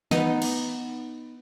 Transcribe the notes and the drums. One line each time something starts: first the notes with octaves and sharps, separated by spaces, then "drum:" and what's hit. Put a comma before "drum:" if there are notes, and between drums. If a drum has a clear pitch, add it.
B3 D#4, drum: snare
drum: cymbal